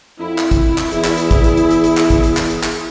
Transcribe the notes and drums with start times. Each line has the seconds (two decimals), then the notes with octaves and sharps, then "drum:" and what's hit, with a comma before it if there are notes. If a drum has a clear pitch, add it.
0.20 F2 E4
0.38 drum: clap
0.51 drum: kick, hi-hat
0.78 drum: clap
0.91 E2 G#4, drum: hi-hat
1.04 drum: clap
1.18 drum: hi-hat
1.31 drum: kick, hi-hat
1.44 drum: hi-hat
1.57 drum: hi-hat
1.71 drum: hi-hat
1.84 drum: hi-hat
1.97 drum: clap
2.10 drum: kick, hi-hat
2.24 drum: hi-hat
2.37 drum: clap
2.50 drum: hi-hat
2.63 drum: clap